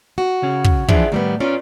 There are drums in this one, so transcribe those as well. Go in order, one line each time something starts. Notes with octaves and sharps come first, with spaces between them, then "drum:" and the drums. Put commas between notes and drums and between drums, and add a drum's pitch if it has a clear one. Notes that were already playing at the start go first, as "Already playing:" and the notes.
F#4
C#3 C#4
drum: kick
E3 F3 D4 G#4 D5 E5, drum: kick
A2 D#3 G3 B3
C#4 F4 D5